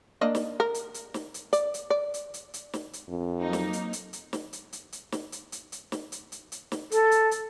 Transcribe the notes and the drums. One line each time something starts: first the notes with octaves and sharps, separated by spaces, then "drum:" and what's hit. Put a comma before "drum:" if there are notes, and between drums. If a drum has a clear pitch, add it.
A#3 D4 D#5
drum: snare
A#4
drum: hi-hat
drum: hi-hat
drum: snare
drum: hi-hat
D5, drum: hi-hat
drum: hi-hat
D5
drum: hi-hat
drum: hi-hat
drum: hi-hat
drum: snare
drum: hi-hat
F2
F#3 A#3 D#4
drum: snare
drum: hi-hat
drum: hi-hat
drum: hi-hat
drum: snare
drum: hi-hat
drum: hi-hat
drum: hi-hat
drum: snare
drum: hi-hat
drum: hi-hat
drum: hi-hat
drum: snare
drum: hi-hat
drum: hi-hat
drum: hi-hat
drum: snare
A4, drum: hi-hat
drum: hi-hat
drum: hi-hat